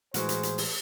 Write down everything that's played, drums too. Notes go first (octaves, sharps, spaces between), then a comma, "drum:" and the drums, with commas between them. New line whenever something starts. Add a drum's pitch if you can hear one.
A2 E3 G#3 F#4 G#4 A#4 C5 F#5, drum: hi-hat
drum: hi-hat
drum: hi-hat
drum: open hi-hat